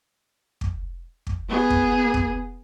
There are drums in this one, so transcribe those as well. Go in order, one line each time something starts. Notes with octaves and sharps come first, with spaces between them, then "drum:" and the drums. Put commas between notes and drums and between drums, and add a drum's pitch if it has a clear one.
drum: kick
drum: kick
B3 G#4
drum: kick
drum: kick